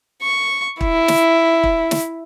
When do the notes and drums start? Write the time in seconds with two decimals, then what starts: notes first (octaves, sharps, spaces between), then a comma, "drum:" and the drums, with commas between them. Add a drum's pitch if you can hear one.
0.23 C#6
0.81 E4, drum: kick
1.08 drum: snare
1.63 drum: kick
1.91 drum: snare